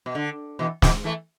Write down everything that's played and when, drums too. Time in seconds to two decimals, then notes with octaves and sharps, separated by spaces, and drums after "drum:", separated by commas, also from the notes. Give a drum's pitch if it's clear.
0.06 B2
0.15 D3
0.59 B2 E3
0.82 B2 E3, drum: snare
1.04 E3 A3